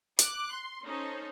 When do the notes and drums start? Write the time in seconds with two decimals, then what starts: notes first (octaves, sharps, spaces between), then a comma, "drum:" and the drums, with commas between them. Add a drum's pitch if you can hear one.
0.19 D6 F#6, drum: hi-hat
0.52 C6
0.85 C#4 D#4 A4 C5 C#5